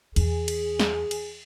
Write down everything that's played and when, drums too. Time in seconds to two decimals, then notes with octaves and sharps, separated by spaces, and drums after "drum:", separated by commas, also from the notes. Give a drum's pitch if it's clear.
0.16 E2 G#4, drum: cymbal
0.48 drum: cymbal
0.80 drum: snare
1.11 drum: cymbal